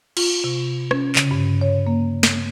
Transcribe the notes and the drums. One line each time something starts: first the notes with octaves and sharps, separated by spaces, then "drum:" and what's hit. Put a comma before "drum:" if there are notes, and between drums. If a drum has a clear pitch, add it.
F4, drum: cymbal
C3
C#4, drum: rim click
C#3, drum: clap
G2
C#5
A#3
drum: snare